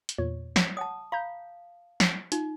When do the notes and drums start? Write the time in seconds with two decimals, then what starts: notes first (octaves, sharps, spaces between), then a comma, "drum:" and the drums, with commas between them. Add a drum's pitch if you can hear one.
0.09 drum: hi-hat
0.18 E2 A#2 C#5
0.56 drum: snare
0.77 C#5 F#5 A5 D#6
1.12 F5 A#5 B5 G6
2.00 drum: snare
2.32 D#4 F4, drum: hi-hat